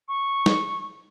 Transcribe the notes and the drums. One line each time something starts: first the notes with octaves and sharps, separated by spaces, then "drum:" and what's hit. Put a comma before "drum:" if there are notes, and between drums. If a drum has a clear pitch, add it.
C#6
drum: snare